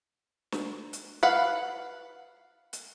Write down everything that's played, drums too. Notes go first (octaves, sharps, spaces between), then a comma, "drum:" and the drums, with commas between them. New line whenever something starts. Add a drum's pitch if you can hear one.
drum: snare
drum: hi-hat
B4 F5 F#5
drum: hi-hat